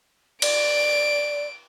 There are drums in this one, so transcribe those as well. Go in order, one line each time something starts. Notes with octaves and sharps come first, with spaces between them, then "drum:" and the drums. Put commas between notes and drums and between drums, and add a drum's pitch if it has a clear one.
D5 D7, drum: cymbal